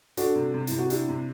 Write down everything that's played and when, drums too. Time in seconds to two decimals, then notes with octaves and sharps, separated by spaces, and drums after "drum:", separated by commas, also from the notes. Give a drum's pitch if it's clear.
0.17 D4 F#4 A4, drum: hi-hat
0.35 C3
0.54 C3
0.67 C3 E4, drum: hi-hat
0.78 F#4
0.90 D4 E4 G4, drum: hi-hat
1.08 C3